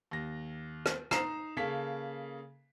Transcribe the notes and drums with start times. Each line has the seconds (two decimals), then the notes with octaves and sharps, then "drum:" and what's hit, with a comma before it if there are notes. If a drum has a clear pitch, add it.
0.11 D#2 A#6
0.86 drum: rim click
1.11 D#4 A#5 C7 E7, drum: rim click
1.57 C#3 A#3 A4 B6